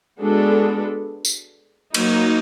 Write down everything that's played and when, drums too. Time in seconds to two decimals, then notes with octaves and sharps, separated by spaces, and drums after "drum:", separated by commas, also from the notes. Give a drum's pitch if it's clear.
0.20 G#3 B3 D4 F#4 A4
1.25 drum: tambourine
1.94 F#3 A#3 D#4, drum: cymbal